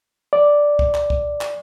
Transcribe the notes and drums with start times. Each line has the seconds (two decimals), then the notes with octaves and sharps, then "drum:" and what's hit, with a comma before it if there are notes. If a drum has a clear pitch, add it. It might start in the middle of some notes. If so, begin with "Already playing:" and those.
0.33 D5
0.79 drum: kick C2
0.95 drum: clap
1.10 drum: kick C2
1.41 drum: clap